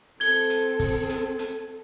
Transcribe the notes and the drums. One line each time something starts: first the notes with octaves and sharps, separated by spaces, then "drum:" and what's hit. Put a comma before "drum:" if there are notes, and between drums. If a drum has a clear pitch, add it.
C4 A4 G#6 G7, drum: open hi-hat
drum: hi-hat
drum: kick, open hi-hat
drum: hi-hat
drum: hi-hat